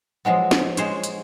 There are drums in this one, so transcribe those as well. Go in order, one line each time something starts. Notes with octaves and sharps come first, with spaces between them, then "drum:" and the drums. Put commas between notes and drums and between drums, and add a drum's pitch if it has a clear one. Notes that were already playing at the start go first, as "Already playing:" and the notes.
F3 F#3 G#3 B3
drum: snare
G#3 C5 C#5, drum: hi-hat
drum: hi-hat